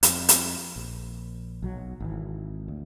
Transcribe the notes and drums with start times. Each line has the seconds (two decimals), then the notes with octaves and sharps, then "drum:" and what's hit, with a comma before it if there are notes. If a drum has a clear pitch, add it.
0.03 F2, drum: hi-hat
0.29 drum: hi-hat
0.76 A#1
1.62 B1 F#3
2.00 G#1 E3
2.68 D2